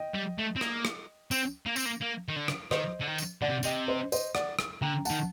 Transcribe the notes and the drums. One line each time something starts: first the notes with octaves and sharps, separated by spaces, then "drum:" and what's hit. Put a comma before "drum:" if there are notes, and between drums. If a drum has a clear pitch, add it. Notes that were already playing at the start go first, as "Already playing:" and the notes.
Already playing: D#5 G5
G3
A3
C4
A#3, drum: rim click
drum: rim click
C4, drum: tambourine
A#3
C4, drum: tambourine
A#3
A#3
D#3
D3
drum: rim click
D#3 C5 D#5, drum: rim click
D3
D#3
drum: tambourine
D3 D5 F#5
C3
C3 D#5 G5, drum: tambourine
C5 D#5
C5 D#5, drum: tambourine
D5 F#5, drum: rim click
drum: rim click
D3 G5 A#5
D#3 F#5 A5, drum: tambourine